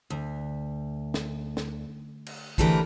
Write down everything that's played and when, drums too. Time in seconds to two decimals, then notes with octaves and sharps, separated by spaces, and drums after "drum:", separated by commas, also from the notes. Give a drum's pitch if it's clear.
0.10 D2
1.14 drum: snare
1.57 drum: snare
2.26 drum: cymbal
2.58 D3 E3 A3 G4 A#4 B4, drum: kick